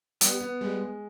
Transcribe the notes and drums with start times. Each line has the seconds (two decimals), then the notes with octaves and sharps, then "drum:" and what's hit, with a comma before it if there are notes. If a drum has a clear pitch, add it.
0.21 G3 B3, drum: hi-hat
0.41 B3
0.61 G3 G#3
0.81 G#3